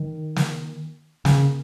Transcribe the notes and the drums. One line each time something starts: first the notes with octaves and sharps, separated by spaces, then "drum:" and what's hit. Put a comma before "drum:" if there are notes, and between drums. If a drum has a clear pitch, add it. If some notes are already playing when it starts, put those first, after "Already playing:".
Already playing: D#3
drum: snare
C#3, drum: snare